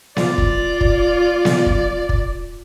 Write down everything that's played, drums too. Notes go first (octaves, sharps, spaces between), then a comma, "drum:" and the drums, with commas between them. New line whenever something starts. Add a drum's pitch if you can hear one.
F4 D5, drum: snare B3
drum: kick
drum: kick
drum: snare B3
drum: kick
drum: kick